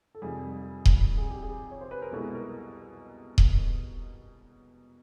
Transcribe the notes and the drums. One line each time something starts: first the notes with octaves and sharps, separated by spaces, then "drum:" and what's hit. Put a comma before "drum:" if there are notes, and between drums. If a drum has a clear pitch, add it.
A4
F2 C3 D#3 G3 G#4
drum: kick D#1
G#4
G4
G#4
C#5
C5
B4
A#4
C2 B2 G#3 B3 E4 A4
A#4
drum: kick D#1